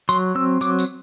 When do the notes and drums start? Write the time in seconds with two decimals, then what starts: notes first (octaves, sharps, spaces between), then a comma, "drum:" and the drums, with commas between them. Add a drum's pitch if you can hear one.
0.09 F#3 C6, drum: tambourine
0.35 C4 E6
0.61 F#3 D6, drum: tambourine
0.79 drum: tambourine